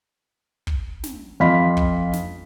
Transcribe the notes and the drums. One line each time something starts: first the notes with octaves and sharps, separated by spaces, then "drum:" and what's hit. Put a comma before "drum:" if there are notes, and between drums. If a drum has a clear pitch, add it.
drum: kick
drum: snare
F2 D#5 F5 B5 C6 B6
drum: kick
drum: snare